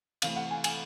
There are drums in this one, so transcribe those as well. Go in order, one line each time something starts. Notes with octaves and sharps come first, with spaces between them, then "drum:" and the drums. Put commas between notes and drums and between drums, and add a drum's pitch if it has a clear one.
C3 E3 A3 C4 F5, drum: cymbal
F#5
G#5
G#5, drum: cymbal